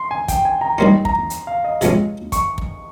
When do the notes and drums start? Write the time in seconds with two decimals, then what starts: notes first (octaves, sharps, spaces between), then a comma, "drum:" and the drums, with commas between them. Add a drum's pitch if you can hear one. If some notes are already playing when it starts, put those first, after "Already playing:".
Already playing: C6
0.11 G#5
0.28 G5, drum: kick, hi-hat
0.45 G#5
0.61 A#5
0.78 D#3 G3 A#3 C#4 C6
1.05 A#5, drum: kick
1.30 drum: hi-hat
1.47 F5
1.64 D#5
1.81 C3 F3 G#3 C#4, drum: hi-hat
2.32 C#6, drum: kick, hi-hat
2.58 drum: kick